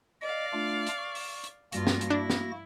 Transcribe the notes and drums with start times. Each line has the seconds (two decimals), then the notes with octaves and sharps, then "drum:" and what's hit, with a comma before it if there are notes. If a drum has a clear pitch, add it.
0.21 D5 D#5 F5
0.53 A3 D4 F4
0.86 drum: hi-hat
0.98 C#6
1.15 drum: open hi-hat
1.44 drum: hi-hat
1.72 G2 A#3 F4 F#4 A#6, drum: hi-hat
1.87 drum: snare
2.01 drum: hi-hat
2.10 D4 E4
2.30 drum: snare